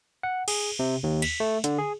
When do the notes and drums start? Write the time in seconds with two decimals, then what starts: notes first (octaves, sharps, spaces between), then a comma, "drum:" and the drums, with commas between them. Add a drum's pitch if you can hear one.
0.23 F#5
0.48 G#4, drum: cymbal
0.79 C3
1.03 D#2
1.22 B6, drum: cymbal
1.40 A3
1.64 D3, drum: hi-hat
1.78 G#4